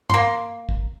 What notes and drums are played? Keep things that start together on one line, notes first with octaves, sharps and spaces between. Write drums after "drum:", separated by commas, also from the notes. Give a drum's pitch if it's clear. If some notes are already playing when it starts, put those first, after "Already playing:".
A#3 C6, drum: tom G2
drum: kick